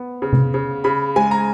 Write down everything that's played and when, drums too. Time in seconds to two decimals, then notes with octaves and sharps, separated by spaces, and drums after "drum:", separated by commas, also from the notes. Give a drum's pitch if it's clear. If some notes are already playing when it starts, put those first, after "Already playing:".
Already playing: B3
0.22 C#3
0.33 drum: tom C3
0.54 C#3
0.84 C#3 B5
1.16 G#3 G#5
1.31 A#5